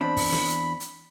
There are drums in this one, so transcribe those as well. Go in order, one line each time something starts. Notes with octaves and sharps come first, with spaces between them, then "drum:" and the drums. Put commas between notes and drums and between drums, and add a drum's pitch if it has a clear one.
E2 C4 D4 B5
drum: kick, open hi-hat
drum: snare
drum: hi-hat
drum: hi-hat